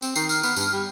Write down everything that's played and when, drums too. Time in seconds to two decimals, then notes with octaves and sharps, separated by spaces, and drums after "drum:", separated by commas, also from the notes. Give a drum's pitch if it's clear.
0.02 C4, drum: tambourine
0.16 D#3 C7, drum: tambourine
0.29 F6, drum: tambourine
0.43 B3, drum: tambourine
0.56 G2, drum: tambourine
0.73 G3